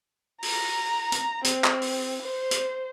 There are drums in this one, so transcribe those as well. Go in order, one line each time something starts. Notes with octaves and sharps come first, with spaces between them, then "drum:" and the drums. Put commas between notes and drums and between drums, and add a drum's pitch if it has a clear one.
A#5, drum: open hi-hat
drum: hi-hat
C4, drum: hi-hat
drum: clap
drum: open hi-hat
C5
drum: hi-hat